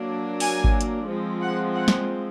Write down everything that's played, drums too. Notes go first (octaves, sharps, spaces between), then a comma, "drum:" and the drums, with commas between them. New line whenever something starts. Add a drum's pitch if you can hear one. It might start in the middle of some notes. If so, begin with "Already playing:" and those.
Already playing: F#3 A#3 D4
G#5, drum: open hi-hat
drum: kick G#1
drum: hi-hat
F3 G#3 C4
F#5
F#5
drum: snare